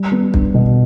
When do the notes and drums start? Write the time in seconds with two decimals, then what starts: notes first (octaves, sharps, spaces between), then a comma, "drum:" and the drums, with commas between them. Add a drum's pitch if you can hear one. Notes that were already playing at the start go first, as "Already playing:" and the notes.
Already playing: G3
0.12 B3
0.34 D4, drum: kick
0.54 B2